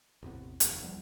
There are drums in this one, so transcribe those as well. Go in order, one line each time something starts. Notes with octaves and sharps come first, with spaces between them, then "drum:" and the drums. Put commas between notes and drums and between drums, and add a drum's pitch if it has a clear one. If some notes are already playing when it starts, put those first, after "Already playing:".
A1 E2 C3 B3
F1 D#2, drum: hi-hat
E2 F3 G3 B3